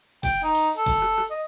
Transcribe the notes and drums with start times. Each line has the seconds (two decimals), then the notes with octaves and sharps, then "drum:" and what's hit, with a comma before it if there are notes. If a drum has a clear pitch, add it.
0.23 G5, drum: kick, cymbal
0.43 D#4
0.55 drum: cymbal
0.77 A4
0.86 drum: kick, cymbal
1.02 drum: rim click
1.18 drum: rim click
1.30 D#5